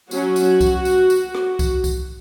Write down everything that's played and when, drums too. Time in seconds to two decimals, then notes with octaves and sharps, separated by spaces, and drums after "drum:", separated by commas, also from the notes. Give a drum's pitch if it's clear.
0.11 F#3 C#4 F#4, drum: tambourine
0.36 drum: tambourine
0.61 drum: kick C2, tambourine
0.85 drum: tambourine
1.10 drum: tambourine
1.35 drum: rim click
1.59 drum: kick C2, tambourine
1.84 drum: kick C2, tambourine